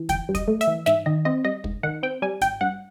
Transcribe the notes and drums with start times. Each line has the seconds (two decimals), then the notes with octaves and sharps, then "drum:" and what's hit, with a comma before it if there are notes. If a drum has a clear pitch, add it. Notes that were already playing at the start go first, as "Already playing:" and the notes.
Already playing: E3
0.09 G1 G5, drum: kick, hi-hat
0.29 G2
0.35 D#5, drum: kick, hi-hat
0.48 A3
0.61 E5, drum: hi-hat
0.67 E3
0.86 G#2 E5, drum: snare
1.06 D#3 D#5
1.25 C4 D#5
1.44 G3 D#5
1.64 G#2, drum: kick
1.83 D#3 F#5
2.03 C4 G5
2.22 G3 G#5
2.41 G#1 G5, drum: hi-hat
2.61 G2 F#5